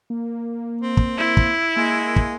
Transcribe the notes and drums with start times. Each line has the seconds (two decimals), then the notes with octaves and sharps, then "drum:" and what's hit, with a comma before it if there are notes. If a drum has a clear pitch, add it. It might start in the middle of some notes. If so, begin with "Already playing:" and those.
0.10 A#3
0.81 C4
0.97 drum: kick
1.17 E4
1.37 drum: kick
1.77 G#3 A#3
2.16 drum: kick